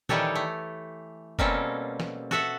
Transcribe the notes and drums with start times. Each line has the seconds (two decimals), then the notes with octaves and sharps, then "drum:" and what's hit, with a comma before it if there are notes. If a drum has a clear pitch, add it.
0.09 D#3 E3 G3 G4 A4 C#5, drum: tom A#2
0.35 A3
1.39 B2 G3 A#3 C4 C#4 A4, drum: kick F1
2.00 drum: snare
2.31 F#4 A4 E5 F#5, drum: snare